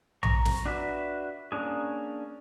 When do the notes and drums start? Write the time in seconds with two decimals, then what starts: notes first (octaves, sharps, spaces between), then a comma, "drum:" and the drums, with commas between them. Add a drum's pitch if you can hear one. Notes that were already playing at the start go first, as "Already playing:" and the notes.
0.23 A#5 C#6, drum: tom A#1
0.45 drum: snare
0.66 D4 F#4 B4 E5
1.52 A#3 C#4 D4 G#4